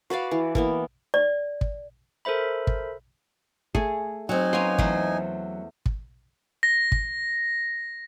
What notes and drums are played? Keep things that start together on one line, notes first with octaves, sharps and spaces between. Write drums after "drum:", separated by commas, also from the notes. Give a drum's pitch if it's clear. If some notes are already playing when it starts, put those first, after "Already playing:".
F#4 B4 D5 F5
E3
E3 A#3 B3, drum: kick
D5
drum: kick
A4 A#4 C5 E5 B5
drum: kick
A3 G#4, drum: kick
F#3 C4 D#4 G#5
A#3 B3 C#4 C6
E2 A3 C5, drum: kick
drum: kick
A#6
drum: kick